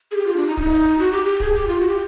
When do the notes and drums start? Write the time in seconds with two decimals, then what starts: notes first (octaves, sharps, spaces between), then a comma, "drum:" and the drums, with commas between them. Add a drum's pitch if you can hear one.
0.11 G#4
0.17 G4
0.27 F4
0.36 D4
0.47 D#4
0.57 D#4, drum: kick
0.99 F#4
1.12 G4
1.25 G4
1.40 G#4, drum: kick
1.53 G4
1.67 F4
1.80 F#4
1.88 G4